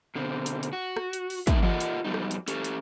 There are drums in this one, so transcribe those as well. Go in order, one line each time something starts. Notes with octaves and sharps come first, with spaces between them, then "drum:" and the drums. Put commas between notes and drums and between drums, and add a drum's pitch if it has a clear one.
B2 D3 C4
drum: hi-hat
drum: hi-hat
F#4
drum: rim click
drum: hi-hat
drum: open hi-hat
A2 C3 A#3 D#4 E5, drum: kick, hi-hat
F4 G4 A4 D5 D#5 F#5, drum: tom E3
drum: hi-hat
F2 F#3 G3 B3 D#4
drum: rim click
drum: hi-hat
C#4 G4 A4, drum: hi-hat
drum: hi-hat